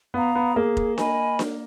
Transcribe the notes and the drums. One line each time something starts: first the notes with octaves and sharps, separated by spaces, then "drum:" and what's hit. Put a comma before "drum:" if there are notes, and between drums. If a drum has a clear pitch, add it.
B3 F5 A#5
B3
A#3 G#4
drum: kick F1
D#5 G#5 B5, drum: snare D4
drum: snare D4